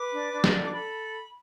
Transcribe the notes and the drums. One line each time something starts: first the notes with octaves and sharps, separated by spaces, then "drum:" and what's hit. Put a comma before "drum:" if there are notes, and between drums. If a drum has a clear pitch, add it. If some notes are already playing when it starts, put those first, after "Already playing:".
Already playing: B4 D6
D4
D4
drum: snare
A4
D6
A4 B5